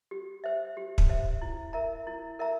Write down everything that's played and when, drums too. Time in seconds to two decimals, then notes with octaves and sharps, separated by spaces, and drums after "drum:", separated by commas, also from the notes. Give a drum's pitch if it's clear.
0.11 G4
0.44 C5 E5
0.77 G4
0.98 drum: kick
1.09 C5 E5
1.41 E4
1.73 A#4 E5 A#5
2.07 E4
2.39 A#4 E5 A#5